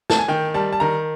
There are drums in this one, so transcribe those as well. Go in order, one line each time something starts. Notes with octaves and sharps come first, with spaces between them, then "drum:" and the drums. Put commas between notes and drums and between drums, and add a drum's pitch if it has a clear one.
A5, drum: snare
G#5
D#3 G5
G3 A5
A5
D#3 A#5